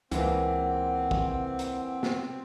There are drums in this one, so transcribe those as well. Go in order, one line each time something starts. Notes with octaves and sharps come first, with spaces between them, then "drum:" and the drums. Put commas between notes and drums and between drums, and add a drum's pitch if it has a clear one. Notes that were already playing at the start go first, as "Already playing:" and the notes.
C#2 E3 A#3 C4 F#5, drum: hi-hat
drum: kick
drum: hi-hat
drum: snare